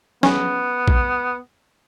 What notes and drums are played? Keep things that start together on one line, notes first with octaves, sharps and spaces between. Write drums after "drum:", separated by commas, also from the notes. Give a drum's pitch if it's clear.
B3 C#4, drum: snare
drum: kick A#1